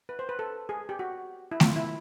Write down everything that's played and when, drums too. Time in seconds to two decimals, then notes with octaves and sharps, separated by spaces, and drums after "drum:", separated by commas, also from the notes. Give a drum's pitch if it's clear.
0.09 B4
0.19 C5
0.29 B4
0.39 A4
0.69 G#4
0.89 G4
0.99 F#4
1.52 E4
1.60 F4, drum: snare A3
1.76 E4